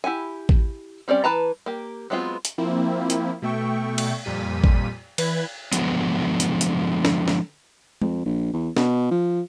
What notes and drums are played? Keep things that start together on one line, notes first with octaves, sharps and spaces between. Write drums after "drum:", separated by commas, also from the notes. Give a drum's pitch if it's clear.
E4 G4 F#5 G#5
drum: kick A1
G3 C4 C#4 D5
E3 B4 A5 A#5
A#3 G4
F#3 G#3 B3 C4 F4
drum: hi-hat
F3 A#3 C4 E4
drum: hi-hat
B2 A3 E5 G5 C#6
drum: cymbal
F2 A#2 G3 B6 D#7
drum: kick A1
E3 B4 B5 G#6, drum: cymbal
D3 F3 F#3 G#3 B3, drum: hi-hat
drum: hi-hat
drum: hi-hat
drum: snare
drum: snare
F2, drum: tom G#3
A#1
E2
B2, drum: snare
F3